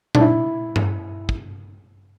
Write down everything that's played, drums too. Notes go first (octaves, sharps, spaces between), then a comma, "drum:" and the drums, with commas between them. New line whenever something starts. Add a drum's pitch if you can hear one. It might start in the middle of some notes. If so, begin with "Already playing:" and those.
D4, drum: tom A#2
E4
drum: tom G2
drum: kick